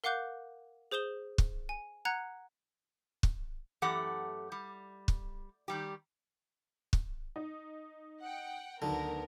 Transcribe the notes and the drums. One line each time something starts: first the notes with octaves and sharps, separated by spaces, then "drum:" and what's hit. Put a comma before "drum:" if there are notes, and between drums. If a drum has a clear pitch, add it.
A#4 F5 F#5 D6 F#6 G6
G#4 C5 D#6 E7 G7
drum: kick
G#5
F#5 A#5 F#6 G#6 C#7
drum: kick
F#2 E3 A3 G4 A4 F#5
G3
drum: kick
D#3 G3 G4
drum: kick
D#4
F#5 G5
D2 D3 D#3 F#3 B3 A#4